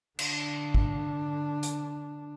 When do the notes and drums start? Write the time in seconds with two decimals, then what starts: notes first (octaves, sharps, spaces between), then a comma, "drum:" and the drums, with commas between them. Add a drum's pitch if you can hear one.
0.19 D3 D4, drum: cymbal
0.74 drum: kick
1.63 drum: hi-hat